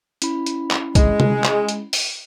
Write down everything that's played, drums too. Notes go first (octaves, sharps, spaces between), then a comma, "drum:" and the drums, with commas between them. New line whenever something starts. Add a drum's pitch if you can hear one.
C#4 E4 B5, drum: hi-hat
drum: hi-hat
drum: clap
G#3, drum: kick B1, hi-hat
drum: tom C3
drum: clap
drum: hi-hat
drum: open hi-hat